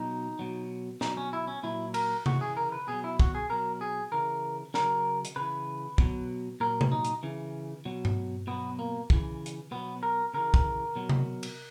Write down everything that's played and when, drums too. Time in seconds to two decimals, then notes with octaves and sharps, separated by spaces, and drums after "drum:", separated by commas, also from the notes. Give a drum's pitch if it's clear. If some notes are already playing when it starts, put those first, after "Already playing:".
Already playing: B2 F#3 D#4
0.39 B2 F#3
1.01 B2 F#3 D#4, drum: snare
1.17 C#4
1.33 E4
1.47 C#4
1.63 A#2 F#3 E4
1.94 A#4, drum: cymbal
2.26 C#3 E3 F#4, drum: tom C3
2.41 G#4
2.57 A#4
2.72 B4
2.88 B2 F#3 G#4
3.04 E4
3.20 F#4, drum: kick
3.35 G#4
3.50 B2 F#3 A#4
3.81 G#4
4.12 C#3 E3 A#4
4.74 C#3 F#3 A#4, drum: snare
5.25 drum: hi-hat
5.36 C#3 E3 B4
5.98 B2 F#3, drum: kick
6.60 A#2 F#3 A#4
6.81 drum: tom C3
6.91 D#4
7.05 drum: hi-hat
7.23 C#3 E3
7.85 B2 F#3
8.05 drum: tom G2
8.47 B2 F#3 B3
8.79 A#3
9.10 C#3 E3, drum: kick
9.46 drum: hi-hat
9.71 B2 F#3 B3
10.03 A#4
10.34 C#3 E3 A#4
10.54 drum: kick
10.96 B2 F#3
11.09 drum: tom C3
11.43 drum: cymbal